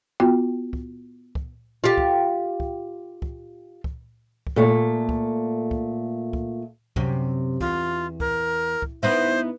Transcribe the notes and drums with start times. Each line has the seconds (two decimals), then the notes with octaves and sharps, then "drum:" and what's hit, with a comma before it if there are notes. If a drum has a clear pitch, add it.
0.20 B3 F4 F#4 G5
0.73 drum: kick
1.35 drum: kick
1.84 F4 G4
1.98 drum: kick
2.60 drum: kick
3.22 drum: kick
3.84 drum: kick
4.47 drum: kick
4.56 A#2 A3
5.09 drum: kick
5.71 drum: kick
6.33 drum: kick
6.96 F#2 C3, drum: kick
7.61 E2 F4, drum: kick
8.20 A#4, drum: kick
8.82 drum: kick
9.03 B3 D#4 E4 C5